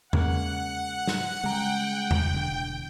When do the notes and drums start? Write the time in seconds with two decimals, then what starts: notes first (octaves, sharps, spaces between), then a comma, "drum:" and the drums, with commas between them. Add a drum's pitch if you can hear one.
0.13 C#3 G#3 A#3 F#5, drum: tom E2
1.07 drum: snare
1.44 C#3 G3 G#3 G5 A#5
2.11 drum: tom E2
2.34 E1 D3